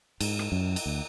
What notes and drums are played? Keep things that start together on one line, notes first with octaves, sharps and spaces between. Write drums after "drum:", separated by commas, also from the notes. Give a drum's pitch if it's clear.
G#2, drum: cymbal
drum: rim click
F#2
drum: cymbal
D2